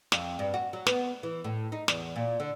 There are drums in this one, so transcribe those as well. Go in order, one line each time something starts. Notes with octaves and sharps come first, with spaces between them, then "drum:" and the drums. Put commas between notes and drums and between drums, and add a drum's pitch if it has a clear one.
F2, drum: snare
G2
F#4
F#3
B3, drum: snare
E3
A2
D#4
E2, drum: snare
A#2
D3